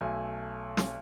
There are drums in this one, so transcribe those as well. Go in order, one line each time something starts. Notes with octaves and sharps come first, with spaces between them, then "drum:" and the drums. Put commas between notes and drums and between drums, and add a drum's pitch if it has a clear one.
B1 A3 G#5
drum: snare